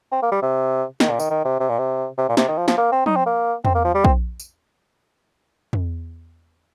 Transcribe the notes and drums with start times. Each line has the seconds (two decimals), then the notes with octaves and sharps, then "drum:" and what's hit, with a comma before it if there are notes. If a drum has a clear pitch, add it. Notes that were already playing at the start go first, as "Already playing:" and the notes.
0.12 C4
0.23 A#3
0.31 G3
0.42 C3
1.00 D#3, drum: snare
1.10 A#2
1.20 D#3, drum: tambourine
1.30 D#3
1.45 C3
1.60 C3
1.69 A#2
1.79 C3
2.18 C3
2.29 A#2
2.37 C3, drum: snare
2.48 D#3
2.58 F3
2.68 F3, drum: snare
2.77 A#3
2.92 C4
3.06 D#4, drum: tom F3
3.16 C4
3.26 A#3
3.65 C4, drum: tom E2
3.74 A#3
3.85 F3
3.94 G3
4.05 C4, drum: kick
4.40 drum: tambourine
5.73 drum: tom E2